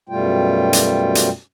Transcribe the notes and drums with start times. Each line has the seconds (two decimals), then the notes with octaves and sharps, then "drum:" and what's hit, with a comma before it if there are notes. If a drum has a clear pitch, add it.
0.09 F#2 B2 G3 A3 F4 G5
0.73 drum: hi-hat
1.15 drum: hi-hat